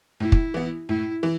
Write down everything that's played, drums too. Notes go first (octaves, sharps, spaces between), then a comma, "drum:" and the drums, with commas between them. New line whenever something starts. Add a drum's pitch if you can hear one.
A2 E4
drum: kick
E3 B3
A2 E4
E3